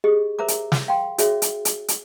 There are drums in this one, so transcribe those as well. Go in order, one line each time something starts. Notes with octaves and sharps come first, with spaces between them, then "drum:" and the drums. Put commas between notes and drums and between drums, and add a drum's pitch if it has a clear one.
G4 G#4 D#5
A#4 C5 E5 A#5 D6
drum: hi-hat
drum: snare
F5 G5 C6
F#4 G#4 C#5 E5, drum: hi-hat
drum: hi-hat
drum: hi-hat
drum: hi-hat